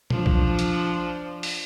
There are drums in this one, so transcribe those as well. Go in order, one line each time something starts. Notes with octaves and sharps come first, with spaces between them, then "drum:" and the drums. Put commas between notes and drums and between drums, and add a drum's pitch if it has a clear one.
F3 D4, drum: tom A#2
drum: kick B1
drum: hi-hat
drum: open hi-hat